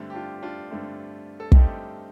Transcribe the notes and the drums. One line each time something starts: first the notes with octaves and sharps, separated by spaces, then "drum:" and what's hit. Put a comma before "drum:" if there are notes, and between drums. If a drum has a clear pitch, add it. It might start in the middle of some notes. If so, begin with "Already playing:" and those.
Already playing: G2 D3 A3 C4
G4
D4 F4
G4
D4 F4
G2 D3 A3 C4
A4
G2 D3 A3 C4 D#4 G4, drum: kick